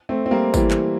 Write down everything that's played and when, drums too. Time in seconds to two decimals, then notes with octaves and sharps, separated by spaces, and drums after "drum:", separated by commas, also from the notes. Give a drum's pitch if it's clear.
0.09 A3 C4
0.26 C4
0.31 G3 A#3
0.54 E3 G3, drum: kick G#1, tambourine
0.71 drum: clap